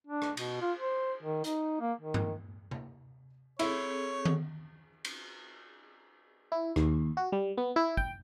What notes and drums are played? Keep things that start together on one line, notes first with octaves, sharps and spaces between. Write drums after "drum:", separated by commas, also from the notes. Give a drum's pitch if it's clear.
D4
drum: rim click
B2, drum: cymbal
F4
C5
D#3
D#4, drum: hi-hat
A#3
D#3
drum: tom G2
drum: tom C3
C4 E4 G#4 A4 C#5, drum: cymbal
drum: tom D#3
drum: cymbal
E4
D#2, drum: rim click
F#4
G3
B3
E4
G5, drum: kick